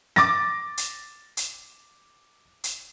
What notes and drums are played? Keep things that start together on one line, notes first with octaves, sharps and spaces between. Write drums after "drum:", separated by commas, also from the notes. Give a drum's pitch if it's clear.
D6 A6 A#6, drum: snare
drum: hi-hat
drum: hi-hat
drum: hi-hat